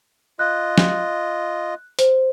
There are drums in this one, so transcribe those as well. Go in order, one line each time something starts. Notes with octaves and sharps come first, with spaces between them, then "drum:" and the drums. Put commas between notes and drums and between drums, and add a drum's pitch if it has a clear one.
F4 D#5 F#6
drum: snare
C5, drum: hi-hat